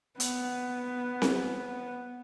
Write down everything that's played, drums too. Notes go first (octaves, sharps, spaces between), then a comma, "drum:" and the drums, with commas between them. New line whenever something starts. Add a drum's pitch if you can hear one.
B3, drum: hi-hat
drum: snare C4